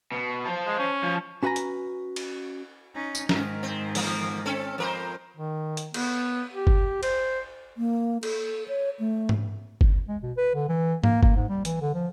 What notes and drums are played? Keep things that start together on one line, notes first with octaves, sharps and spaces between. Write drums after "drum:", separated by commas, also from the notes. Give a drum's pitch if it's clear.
B2
C5 A5
G#3
C#4
F3
C#4 F#4 B4 F#5 G#5 A#5
drum: hi-hat
drum: cymbal
C#4 D#4
drum: tambourine
G#2 D#3 A#4, drum: snare
C4
E2 F3 A#3, drum: open hi-hat
C4 C#4 A4
F2 A#4 C5
D#3
drum: hi-hat
B3, drum: cymbal
G4
drum: kick G1
C5, drum: cymbal
A#3
A4, drum: cymbal
C#5
A3
drum: tom G#2
drum: kick G1
G#3
B2
B4
D3
E3
A#3, drum: tom G#2
A#3, drum: kick G1
G#2
G3
E3, drum: hi-hat
D3
F3